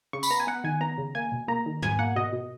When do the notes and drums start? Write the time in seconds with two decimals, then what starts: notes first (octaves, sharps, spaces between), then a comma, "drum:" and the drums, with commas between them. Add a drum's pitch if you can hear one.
0.13 C#3 C#6
0.23 B5, drum: tambourine
0.31 B3 A#5
0.40 G#5
0.47 B3 F#5
0.64 D#3 G#5
0.81 B3 A#5
0.98 C#3
1.15 A#3 G#5
1.32 B2
1.48 A#3 A#5
1.66 D#3
1.82 B2 G#5, drum: tom
1.99 A#3 F#5
2.16 B2 D#5
2.33 B2